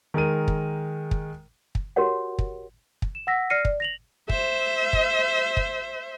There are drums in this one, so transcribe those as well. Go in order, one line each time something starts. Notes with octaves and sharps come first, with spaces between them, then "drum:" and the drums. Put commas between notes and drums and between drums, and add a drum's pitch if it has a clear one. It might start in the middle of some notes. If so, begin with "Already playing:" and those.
D#3 G#3 A#4 D#7
drum: kick
drum: kick
drum: kick
F#4 G4 A#4 C#5 F#5
drum: kick
drum: kick
E7
F#5 E6 A#6 B6
D5 F6 A#6 C7 C#7 D#7
D5, drum: kick
A#6 F7 F#7
C5 E5, drum: kick
drum: kick
drum: kick